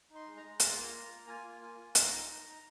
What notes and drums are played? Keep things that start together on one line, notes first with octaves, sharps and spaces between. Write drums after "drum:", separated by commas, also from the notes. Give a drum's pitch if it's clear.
D#4
C6
G#3
A#5
G#3
F4 A#5, drum: hi-hat
C6
A#3 A#5
F4
A#3
F4 G#5
A#3
F4 G#5
F4
D#4 A#5, drum: hi-hat
D#4
D#4
D#4